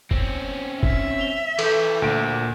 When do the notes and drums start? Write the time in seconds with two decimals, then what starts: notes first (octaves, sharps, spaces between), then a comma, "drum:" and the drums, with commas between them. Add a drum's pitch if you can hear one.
0.11 C4 C#4, drum: kick F1
0.83 E5, drum: kick F1
1.19 F7 G7
1.59 E3 A4 G6, drum: cymbal
2.02 D2 A#2 D7